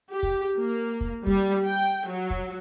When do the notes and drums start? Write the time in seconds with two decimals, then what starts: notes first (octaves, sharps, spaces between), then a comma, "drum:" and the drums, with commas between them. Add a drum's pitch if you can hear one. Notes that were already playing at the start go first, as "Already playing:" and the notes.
0.10 G4
0.23 drum: kick
0.57 A#3
1.01 drum: kick
1.27 G3, drum: kick
1.66 G5
2.08 F#3
2.30 drum: kick